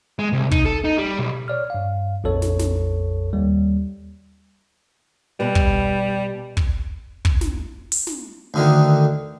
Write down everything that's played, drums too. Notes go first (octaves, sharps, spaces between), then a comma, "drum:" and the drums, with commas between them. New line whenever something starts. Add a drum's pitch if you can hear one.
G#3
C2
D#4, drum: kick
A4
D#4
G3
B1
C#5 D5 F6
G2 F5
A#1 F2 A4 C#5
drum: snare
drum: snare
D#2 G3
B2 G3 B4
drum: kick
drum: kick
drum: kick
drum: snare
drum: open hi-hat
drum: snare
D2 D3 D#3